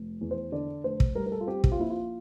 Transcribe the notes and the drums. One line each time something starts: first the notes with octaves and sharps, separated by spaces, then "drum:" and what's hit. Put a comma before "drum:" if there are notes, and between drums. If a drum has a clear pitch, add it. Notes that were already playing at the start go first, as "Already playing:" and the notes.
Already playing: F1
E2
C5
D3 D5
F1 C5
drum: kick
G3 A#4
A#4
A4
F4
C4 G4
G4, drum: kick
F4
A#1 E4
F4